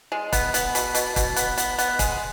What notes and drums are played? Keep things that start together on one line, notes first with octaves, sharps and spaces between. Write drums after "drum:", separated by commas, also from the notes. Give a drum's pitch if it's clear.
G#3
B3, drum: kick, hi-hat
B3, drum: hi-hat
B2, drum: hi-hat
B2, drum: hi-hat
B2, drum: kick, hi-hat
B3, drum: hi-hat
B3, drum: hi-hat
B3, drum: hi-hat
G#3, drum: kick, hi-hat